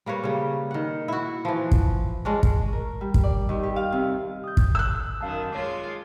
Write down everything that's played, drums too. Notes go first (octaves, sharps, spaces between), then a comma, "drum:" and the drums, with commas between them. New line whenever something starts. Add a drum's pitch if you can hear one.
G3 A#3 B4 C#5
C#3 G3
D#3 F#5
E4 F#4
E3 F3
drum: kick
G#3 C#4 D4
drum: kick
A#4
G3
drum: kick
D5
D#2
G4
F5
C3
D#6 G6
drum: kick
E6 F#6
F#2 D#3 F5 A5
G#3 F4 C#5 D6